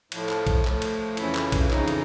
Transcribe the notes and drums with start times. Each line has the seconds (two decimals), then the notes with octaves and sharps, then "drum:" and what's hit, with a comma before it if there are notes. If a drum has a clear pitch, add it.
0.12 A2 F3 A3, drum: cymbal
0.29 drum: clap
0.47 drum: kick B1, cymbal
0.65 A2 F3 A3, drum: clap
0.82 drum: cymbal
1.17 F2 C#3 E3 E4, drum: cymbal
1.35 drum: clap
1.52 drum: kick B1, cymbal
1.70 F2 C#3 E3 D#4, drum: clap
1.88 drum: cymbal